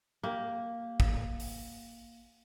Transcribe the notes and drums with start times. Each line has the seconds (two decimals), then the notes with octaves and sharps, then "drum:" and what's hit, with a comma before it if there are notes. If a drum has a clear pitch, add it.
0.23 A#3 G4
1.00 drum: kick G#1
1.40 drum: open hi-hat